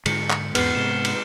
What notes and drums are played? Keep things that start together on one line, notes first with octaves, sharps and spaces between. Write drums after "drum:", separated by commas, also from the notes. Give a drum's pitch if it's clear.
G#2 D3 G#3 C#7, drum: cymbal
drum: clap
E2 G#2 B3 F6 C7, drum: cymbal
G#2 C3 G#3 E7 G7
drum: cymbal